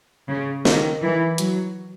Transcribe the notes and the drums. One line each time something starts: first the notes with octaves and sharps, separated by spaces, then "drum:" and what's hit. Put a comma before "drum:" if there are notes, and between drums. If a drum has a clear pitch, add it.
C#3
D#3, drum: snare
E3
F#3, drum: hi-hat